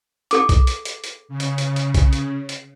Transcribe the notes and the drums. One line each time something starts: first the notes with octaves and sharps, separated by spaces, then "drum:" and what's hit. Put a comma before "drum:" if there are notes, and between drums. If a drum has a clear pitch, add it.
G#4 A4 D6, drum: hi-hat
drum: kick B1, hi-hat
drum: hi-hat
drum: hi-hat
drum: hi-hat
C#3
drum: hi-hat
drum: hi-hat
drum: hi-hat
drum: kick B1, hi-hat
drum: hi-hat
drum: hi-hat